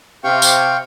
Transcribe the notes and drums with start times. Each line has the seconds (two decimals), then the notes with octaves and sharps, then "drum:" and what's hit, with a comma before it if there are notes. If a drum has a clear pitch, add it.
0.24 C3 F5 G5 C#6
0.42 drum: tambourine